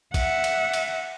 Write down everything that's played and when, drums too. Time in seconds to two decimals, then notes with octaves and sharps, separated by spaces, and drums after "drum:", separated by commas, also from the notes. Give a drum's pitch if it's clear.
0.14 E5 F#5, drum: kick A#1, cymbal
0.44 drum: cymbal
0.74 drum: cymbal